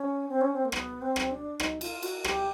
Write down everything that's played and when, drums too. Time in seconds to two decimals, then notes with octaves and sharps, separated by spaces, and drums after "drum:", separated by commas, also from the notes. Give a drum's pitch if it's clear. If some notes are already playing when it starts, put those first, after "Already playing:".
Already playing: C#4
0.29 C4
0.41 C#4
0.53 C4
0.65 A#3
0.72 B3, drum: rim click
1.02 C4
1.16 drum: rim click
1.31 D4
1.60 D#4, drum: rim click
1.81 F4, drum: cymbal
2.02 F#4, drum: cymbal
2.24 G4, drum: rim click